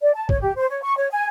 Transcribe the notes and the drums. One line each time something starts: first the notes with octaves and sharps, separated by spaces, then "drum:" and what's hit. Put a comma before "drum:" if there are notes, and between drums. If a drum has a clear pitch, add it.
D5
A5
C#5, drum: kick
G4
C5
C#5
C#6
C#5
G#5